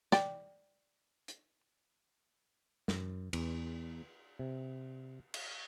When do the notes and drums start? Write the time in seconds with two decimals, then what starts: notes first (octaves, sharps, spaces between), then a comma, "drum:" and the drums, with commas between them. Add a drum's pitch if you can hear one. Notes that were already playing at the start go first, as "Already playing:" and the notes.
0.12 D5 G5, drum: snare
1.28 drum: hi-hat
2.88 F#2, drum: snare
3.33 E2, drum: cymbal
4.39 C3
5.34 drum: cymbal